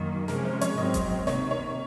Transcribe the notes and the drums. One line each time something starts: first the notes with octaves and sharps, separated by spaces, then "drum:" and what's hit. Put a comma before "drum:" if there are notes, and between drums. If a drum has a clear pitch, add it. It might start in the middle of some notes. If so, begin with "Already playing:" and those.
Already playing: F#2 D#3 A#3
C3 F3 G#3 C#4 A#4, drum: snare
C5
C#5, drum: hi-hat
G#2 F#3 C4 D#5
drum: kick F#1, hi-hat
C3 D#3 A#3 C#5, drum: snare
C#5